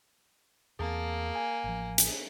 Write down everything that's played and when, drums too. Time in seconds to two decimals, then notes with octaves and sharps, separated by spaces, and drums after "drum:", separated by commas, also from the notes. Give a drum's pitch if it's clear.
0.79 E2 A#3 C4 G#4 A5
1.35 G#5
1.64 A1 F3
1.98 drum: hi-hat